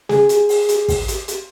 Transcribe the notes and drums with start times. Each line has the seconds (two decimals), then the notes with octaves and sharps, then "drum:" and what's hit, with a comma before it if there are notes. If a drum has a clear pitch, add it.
0.09 G#4, drum: snare
0.29 drum: hi-hat
0.49 drum: open hi-hat
0.69 drum: hi-hat
0.88 drum: kick, open hi-hat
1.08 drum: hi-hat
1.28 drum: hi-hat